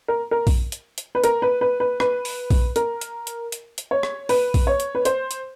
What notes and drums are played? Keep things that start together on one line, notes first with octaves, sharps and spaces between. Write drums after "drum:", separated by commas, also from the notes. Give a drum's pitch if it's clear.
A#4
A#4
drum: kick A#1, open hi-hat
drum: hi-hat
drum: hi-hat
B4
A#4, drum: hi-hat
B4
B4
B4
B4, drum: rim click
drum: open hi-hat
drum: kick A#1, open hi-hat
A#4, drum: hi-hat
drum: hi-hat
drum: hi-hat
drum: hi-hat
drum: hi-hat
C#5
drum: rim click
B4, drum: open hi-hat
drum: kick A#1, open hi-hat
C#5
drum: hi-hat
B4
C5, drum: hi-hat
drum: hi-hat